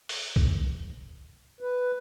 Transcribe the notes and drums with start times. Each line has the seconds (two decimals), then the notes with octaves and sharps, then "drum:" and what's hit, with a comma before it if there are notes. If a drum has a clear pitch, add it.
0.09 drum: open hi-hat
0.36 drum: kick
1.61 B4